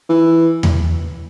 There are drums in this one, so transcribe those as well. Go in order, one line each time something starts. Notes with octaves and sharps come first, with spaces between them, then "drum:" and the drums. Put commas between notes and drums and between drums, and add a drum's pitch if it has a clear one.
E3
drum: tom E2